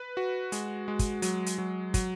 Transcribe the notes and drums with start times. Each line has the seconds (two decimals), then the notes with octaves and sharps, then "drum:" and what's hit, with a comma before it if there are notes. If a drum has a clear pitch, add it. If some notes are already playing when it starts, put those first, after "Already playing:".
Already playing: B4
0.17 F#4
0.52 G#3, drum: hi-hat
0.88 G#3
0.99 drum: kick, hi-hat
1.22 F#3, drum: hi-hat
1.46 drum: hi-hat
1.58 F#3
1.94 F#3, drum: kick, hi-hat